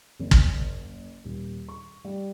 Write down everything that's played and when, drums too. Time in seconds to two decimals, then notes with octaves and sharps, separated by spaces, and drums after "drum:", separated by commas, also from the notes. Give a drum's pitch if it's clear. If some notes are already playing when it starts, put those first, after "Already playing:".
0.20 F#1
0.31 drum: kick
1.25 D#1
1.69 C#6
2.05 G3